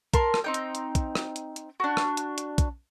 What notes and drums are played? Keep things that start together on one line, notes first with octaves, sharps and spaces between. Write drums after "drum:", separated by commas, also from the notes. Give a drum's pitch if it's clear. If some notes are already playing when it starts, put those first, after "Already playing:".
A#4 A5 C6, drum: kick, hi-hat
drum: rim click
C4 D#4 G5
drum: hi-hat
drum: hi-hat
drum: kick, hi-hat
drum: rim click
drum: hi-hat
drum: hi-hat
D4 F#4
drum: rim click
drum: hi-hat
drum: hi-hat
drum: kick, hi-hat